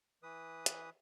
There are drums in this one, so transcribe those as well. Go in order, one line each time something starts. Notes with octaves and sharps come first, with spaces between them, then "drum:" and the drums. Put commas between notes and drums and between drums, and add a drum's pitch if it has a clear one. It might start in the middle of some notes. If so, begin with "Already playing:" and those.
E3 B4 D#6
drum: hi-hat